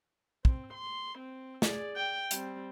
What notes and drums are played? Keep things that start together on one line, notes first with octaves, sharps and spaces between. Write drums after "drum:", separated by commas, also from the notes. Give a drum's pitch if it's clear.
C4, drum: kick
C6
C4
G#4 D5, drum: snare
G5
G3 C4, drum: hi-hat